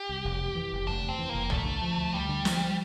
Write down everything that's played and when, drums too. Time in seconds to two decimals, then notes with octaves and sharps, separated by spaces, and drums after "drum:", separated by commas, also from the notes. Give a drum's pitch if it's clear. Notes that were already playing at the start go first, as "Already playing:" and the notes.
Already playing: G4
0.09 C2
0.25 F1
0.41 E2
0.55 E3
0.72 F1
0.87 F1 D4
1.04 E2 C4
1.19 E3
1.29 F1 A#3
1.50 D2 A3, drum: tom
1.66 D3
1.82 F3
1.97 D2
2.13 D2 G3
2.29 D3
2.45 F3, drum: snare